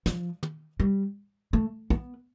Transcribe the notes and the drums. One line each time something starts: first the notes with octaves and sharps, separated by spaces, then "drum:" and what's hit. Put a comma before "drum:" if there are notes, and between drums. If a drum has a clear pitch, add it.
F3, drum: snare
drum: tom
G3
A3
B3, drum: kick